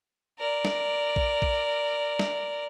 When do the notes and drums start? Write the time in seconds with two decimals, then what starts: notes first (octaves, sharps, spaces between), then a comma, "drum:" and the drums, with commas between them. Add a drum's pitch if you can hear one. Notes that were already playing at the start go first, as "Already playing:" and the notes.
0.39 A#4 D5
0.65 drum: snare
1.16 drum: kick A#1
1.42 drum: kick A#1
2.19 drum: snare